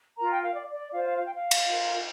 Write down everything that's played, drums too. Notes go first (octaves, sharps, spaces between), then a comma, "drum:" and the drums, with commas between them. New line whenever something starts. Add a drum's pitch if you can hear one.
F4 A#4 A#5
G5
F5
D5
D5
F4 C5 F5
F5
F5
G5
F5
drum: cymbal
F4 A#4